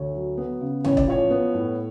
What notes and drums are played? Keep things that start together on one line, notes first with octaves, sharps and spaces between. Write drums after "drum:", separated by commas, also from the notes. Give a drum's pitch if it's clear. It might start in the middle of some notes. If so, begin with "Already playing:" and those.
Already playing: D2 C#5
F#3
B3
C#3
A1 C#5, drum: tom C3
D5, drum: kick E1
F3 C#5
B3
A2